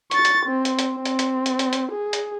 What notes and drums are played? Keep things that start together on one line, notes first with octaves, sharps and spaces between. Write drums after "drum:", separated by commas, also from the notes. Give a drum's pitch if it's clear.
C#6 A6, drum: hi-hat
drum: hi-hat
C4
drum: hi-hat
drum: hi-hat
C4
drum: hi-hat
drum: hi-hat
drum: hi-hat
drum: hi-hat
drum: hi-hat
G#4
drum: hi-hat